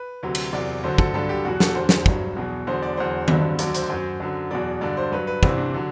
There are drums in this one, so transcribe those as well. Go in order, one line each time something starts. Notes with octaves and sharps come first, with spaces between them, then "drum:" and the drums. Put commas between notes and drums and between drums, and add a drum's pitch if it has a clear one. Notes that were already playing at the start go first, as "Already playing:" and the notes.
Already playing: B4
D2 C3 F#3
drum: cymbal
E2 C3 F#3 D5
D2 D3 F#3 C5
A4, drum: kick
G2 D3 F#3 A4
G4
E2 B2 F#3 F#4
A4, drum: snare
E2 D3 F#3 C5
drum: snare
G2 F#3, drum: kick
E2 B2 F#3
E2 D3 F#3 C5
D5
E2 D3 F#3 C5
G2 D3 F#3, drum: tom D#3
D2 D3 F#3 D5, drum: hi-hat
C5, drum: hi-hat
F#2 F#3
F#2 D3 F#3
E2 B2 F#3 D5
G2 D3 F#3 D5
C5
G2 F#3 B4
B4
C2 C3 E3 C4, drum: kick
D4
D3 F#3